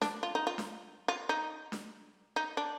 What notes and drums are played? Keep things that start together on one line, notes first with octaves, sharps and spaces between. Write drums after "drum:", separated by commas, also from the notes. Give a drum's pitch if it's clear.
D4, drum: snare D4
F4
D#4
F4
drum: snare D4
F4
D#4
drum: snare D4
D#4
D4